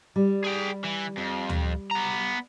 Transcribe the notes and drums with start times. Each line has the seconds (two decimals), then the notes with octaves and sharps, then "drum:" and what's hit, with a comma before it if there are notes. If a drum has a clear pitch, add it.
0.16 G3
0.44 G#4 G5
0.84 E3
1.17 F2
1.49 drum: tom D2
1.91 B3 A#5